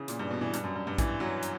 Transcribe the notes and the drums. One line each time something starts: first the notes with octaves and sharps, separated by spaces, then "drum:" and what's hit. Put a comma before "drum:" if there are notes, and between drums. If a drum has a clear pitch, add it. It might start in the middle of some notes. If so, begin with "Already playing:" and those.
Already playing: C#3 E3
A#2, drum: hi-hat
G2
B2
E3
G2, drum: hi-hat
F#2
G2
G2
E3, drum: kick A#1, hi-hat
F#3
drum: hi-hat